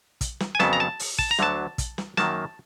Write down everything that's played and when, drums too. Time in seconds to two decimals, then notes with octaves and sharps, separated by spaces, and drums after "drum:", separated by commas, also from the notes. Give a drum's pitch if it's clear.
0.21 drum: kick, hi-hat
0.40 drum: snare
0.55 G#5
0.60 F2 C#3 F#3 B3 A5, drum: snare
0.73 A#5
0.80 A5
0.99 drum: open hi-hat
1.19 A5, drum: kick
1.31 A#5
1.39 D2 D3 F#3 A5, drum: snare
1.78 drum: kick, hi-hat
1.98 drum: snare
2.17 F#2 D#3 F#3 A#3 A5, drum: snare